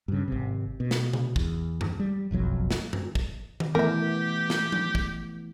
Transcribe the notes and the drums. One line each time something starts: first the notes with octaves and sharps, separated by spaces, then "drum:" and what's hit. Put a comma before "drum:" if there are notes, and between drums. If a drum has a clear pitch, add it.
G2 C#3
G#1 C3
B2
drum: snare
drum: tom C3
E2, drum: kick
drum: tom F#2
G3
F#1 B1 F2 F#3
drum: snare
drum: tom F#2
drum: kick
drum: tom D#3
E3 A3 B3 G4 A#4 E5
drum: snare
drum: tom F3
drum: kick